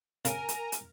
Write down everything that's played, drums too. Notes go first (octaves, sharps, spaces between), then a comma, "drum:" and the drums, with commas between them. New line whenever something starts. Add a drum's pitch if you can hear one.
C#3 A#4 G#5, drum: hi-hat
drum: hi-hat
drum: hi-hat